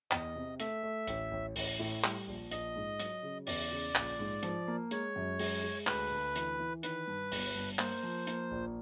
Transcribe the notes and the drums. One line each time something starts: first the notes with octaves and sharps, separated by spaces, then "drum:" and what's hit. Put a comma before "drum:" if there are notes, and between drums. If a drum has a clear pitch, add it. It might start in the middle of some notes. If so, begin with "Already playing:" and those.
E2 D#5, drum: clap
C3
A3 E5, drum: hi-hat
A3
A1, drum: hi-hat
A1
A1, drum: open hi-hat
A2
G3, drum: clap
A#1
A#1 D#5, drum: hi-hat
G#2
F#3, drum: hi-hat
C#3
E2 D5, drum: open hi-hat
C#3
A#1, drum: clap
G#2
F3, drum: hi-hat
A#3
G#3 C#5, drum: hi-hat
F#2
G#3, drum: open hi-hat
G#3
D2 B4, drum: clap
D2
E3, drum: hi-hat
E3
D#3 B4, drum: hi-hat
G2
G1, drum: open hi-hat
G2
A#3 C5, drum: clap
F3
A#3, drum: hi-hat
A#1